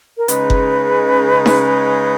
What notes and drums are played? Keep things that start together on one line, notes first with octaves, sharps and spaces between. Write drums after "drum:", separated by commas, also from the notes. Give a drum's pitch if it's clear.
A#4
C#3 G#3 D#4 B4, drum: hi-hat
drum: kick F#1
drum: snare D#4